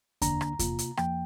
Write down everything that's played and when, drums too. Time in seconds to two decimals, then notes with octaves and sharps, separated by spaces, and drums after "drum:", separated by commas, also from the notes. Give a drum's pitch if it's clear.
0.22 D2 D3 A#3 D4 A#5, drum: kick E2, hi-hat
0.41 drum: rim click
0.59 C3 A#3 F4, drum: kick E2, hi-hat
0.79 drum: hi-hat
0.97 F2 F3 A#3 G5, drum: rim click